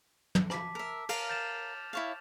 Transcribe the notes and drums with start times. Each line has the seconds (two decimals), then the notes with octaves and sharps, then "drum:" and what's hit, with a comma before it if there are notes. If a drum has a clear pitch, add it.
0.35 drum: tom
0.50 A5 D6 B6, drum: rim click
0.75 A#4 E5
1.09 A#4 F5 F6 F7, drum: cymbal
1.29 G6 A6 E7
1.93 E4 C#5 F5